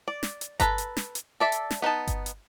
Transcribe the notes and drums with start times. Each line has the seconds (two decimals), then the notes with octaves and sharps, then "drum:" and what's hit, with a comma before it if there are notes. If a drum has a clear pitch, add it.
0.08 D5
0.23 drum: snare
0.41 drum: hi-hat
0.60 A4 B4 A#5, drum: kick G1, hi-hat
0.78 drum: hi-hat
0.97 drum: snare
1.15 drum: hi-hat
1.40 A4 D5 E5
1.52 drum: hi-hat
1.70 drum: snare
1.82 B3 D#4 D#5 A5
2.07 drum: kick G1, hi-hat
2.26 drum: hi-hat